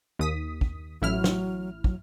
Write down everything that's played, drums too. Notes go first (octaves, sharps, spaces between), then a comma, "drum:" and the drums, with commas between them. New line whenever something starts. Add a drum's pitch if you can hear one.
D#2 D#6 B6
drum: kick
A1 F#3 E4 F6
drum: snare
F#3, drum: kick